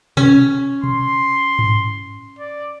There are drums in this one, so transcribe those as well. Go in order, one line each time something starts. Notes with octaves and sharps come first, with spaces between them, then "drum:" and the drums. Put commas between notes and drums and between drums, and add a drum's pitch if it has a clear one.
C#4, drum: tom B2
C6, drum: tom B2
drum: tom G#2
D5